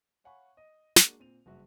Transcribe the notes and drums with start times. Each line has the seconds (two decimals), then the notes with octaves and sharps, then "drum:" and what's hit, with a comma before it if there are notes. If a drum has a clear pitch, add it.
0.24 C#5 F5 F#5 G#5 B5 C#6
0.57 D#5
0.96 G#3 A#3 D4 F#4, drum: snare
1.19 A#2 C4 D#7 F7
1.46 F#1 G2 F#4 E5